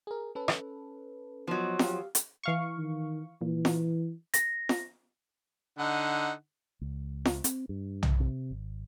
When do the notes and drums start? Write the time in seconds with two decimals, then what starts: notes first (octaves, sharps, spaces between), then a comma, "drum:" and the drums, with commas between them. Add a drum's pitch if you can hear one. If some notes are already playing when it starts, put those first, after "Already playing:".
0.07 G#4 A#4
0.35 C#4 A4 B4
0.48 drum: rim click
1.47 F3 F#3 B3 D#5
1.79 G4 F5, drum: snare
2.15 drum: hi-hat
2.43 E3 F5 C#6
2.78 D#3
3.41 A#2 E3
3.65 drum: snare
4.34 A#6, drum: hi-hat
4.69 drum: snare
5.79 D3 D#4 F#5
6.81 C#2
7.25 drum: snare
7.44 C4, drum: hi-hat
7.69 G2
8.03 drum: tom B1
8.20 C3
8.51 G#1